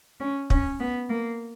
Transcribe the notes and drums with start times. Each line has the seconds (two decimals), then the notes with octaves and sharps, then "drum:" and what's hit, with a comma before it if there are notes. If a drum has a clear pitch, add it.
0.20 C#4
0.50 C#4, drum: kick
0.80 B3
1.10 A#3